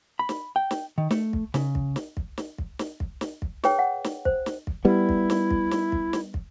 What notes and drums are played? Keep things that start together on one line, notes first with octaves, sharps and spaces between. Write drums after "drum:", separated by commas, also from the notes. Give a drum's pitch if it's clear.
B5
drum: snare
G5
drum: snare
D#3
A3, drum: snare
drum: kick
C#3, drum: snare
drum: kick
drum: snare
drum: kick
drum: snare
drum: kick
drum: snare
drum: kick
drum: snare
drum: kick
G#4 B4 C#5 G5, drum: snare
F#5
drum: snare
C5, drum: kick
drum: snare
drum: kick
G3 B3 E4
drum: kick
drum: snare
drum: kick
drum: snare
drum: kick
drum: snare
drum: kick